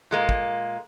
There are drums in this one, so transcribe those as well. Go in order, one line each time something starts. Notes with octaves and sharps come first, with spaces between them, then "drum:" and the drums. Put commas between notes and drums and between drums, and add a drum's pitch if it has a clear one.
A#2 G#3 A#3
drum: kick